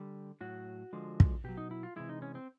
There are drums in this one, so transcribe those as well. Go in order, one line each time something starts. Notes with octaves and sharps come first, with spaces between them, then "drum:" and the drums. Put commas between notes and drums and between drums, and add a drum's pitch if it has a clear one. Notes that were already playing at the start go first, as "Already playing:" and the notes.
Already playing: D3 G3 G4
A2 F#3 F#4
D3 F3 G#3
drum: kick
B2 F#3 G4
D#4
E4
F4
C3 E3 G#3 E4
D#4
C#4
C4